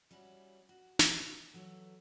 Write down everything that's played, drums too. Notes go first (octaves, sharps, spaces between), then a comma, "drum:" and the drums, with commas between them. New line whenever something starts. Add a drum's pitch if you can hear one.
G3 C#4 E4 F#4
F#4
drum: snare
E3 F#3 A4 B4 C#5